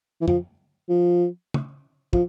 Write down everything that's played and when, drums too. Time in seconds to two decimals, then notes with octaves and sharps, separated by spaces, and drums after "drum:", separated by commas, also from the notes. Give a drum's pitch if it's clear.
0.21 E3
0.28 F3, drum: tom
0.89 F3
1.54 drum: tom
2.13 F3, drum: kick